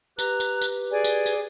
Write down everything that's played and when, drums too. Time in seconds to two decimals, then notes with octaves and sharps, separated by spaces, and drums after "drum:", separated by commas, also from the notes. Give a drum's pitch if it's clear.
0.19 G4 B4 A#5 F#6, drum: tambourine
0.40 drum: tambourine
0.61 drum: tambourine
0.91 G#4 D5 G#5
1.04 drum: tambourine
1.26 drum: tambourine